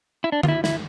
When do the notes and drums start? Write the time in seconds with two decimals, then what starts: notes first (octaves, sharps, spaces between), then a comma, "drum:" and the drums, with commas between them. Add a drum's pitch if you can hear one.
0.24 E4
0.32 D4
0.43 F4, drum: tom D3
0.48 E4
0.64 E4, drum: snare